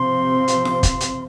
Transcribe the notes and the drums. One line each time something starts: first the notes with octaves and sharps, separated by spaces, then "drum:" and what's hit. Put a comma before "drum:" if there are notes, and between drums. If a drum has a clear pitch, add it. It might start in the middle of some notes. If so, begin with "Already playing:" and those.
Already playing: C3 F3 C4 C6
drum: hi-hat
drum: snare F4
drum: kick, hi-hat
drum: hi-hat